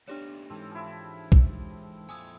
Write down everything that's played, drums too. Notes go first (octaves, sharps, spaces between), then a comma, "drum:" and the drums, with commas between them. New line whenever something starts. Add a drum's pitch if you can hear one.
A3 B3 D4 D#4 G4 C#5 D5
G#2 E3 C4 A4
F3 E4
drum: kick
F2 A#2 G#5 D#6 E6 G#6